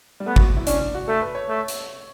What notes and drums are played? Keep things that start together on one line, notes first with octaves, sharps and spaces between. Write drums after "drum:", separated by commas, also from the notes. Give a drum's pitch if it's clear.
G3
A3 B3
F#4, drum: kick G#1
E4
C#4 D4, drum: hi-hat
D4
F#4
A3 A4
B4
C#5
A3
drum: hi-hat